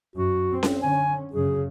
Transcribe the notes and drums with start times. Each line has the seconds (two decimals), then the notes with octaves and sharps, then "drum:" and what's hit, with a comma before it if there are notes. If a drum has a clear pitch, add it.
0.16 F#2 F#4
0.52 C4
0.63 drum: snare C#4
0.83 D3 C#4 G#5
1.33 F#2 C#3 G#4